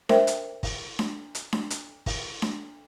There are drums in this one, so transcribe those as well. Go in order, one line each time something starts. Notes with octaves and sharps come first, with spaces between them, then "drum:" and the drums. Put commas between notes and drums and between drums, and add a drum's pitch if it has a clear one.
A#4 C5 E5 G5, drum: snare D4
drum: hi-hat
drum: kick, open hi-hat
drum: snare D4
drum: hi-hat
drum: snare D4
drum: hi-hat
drum: kick, open hi-hat
drum: snare D4